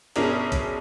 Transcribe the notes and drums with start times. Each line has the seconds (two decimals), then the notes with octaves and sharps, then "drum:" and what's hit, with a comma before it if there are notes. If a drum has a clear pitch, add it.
0.16 G1 B2 C#4 D4 G#4 A#4, drum: hi-hat
0.52 drum: kick A1, hi-hat